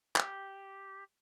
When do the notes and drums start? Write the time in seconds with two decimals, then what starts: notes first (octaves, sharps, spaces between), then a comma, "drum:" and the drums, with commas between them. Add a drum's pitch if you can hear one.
0.16 G4, drum: clap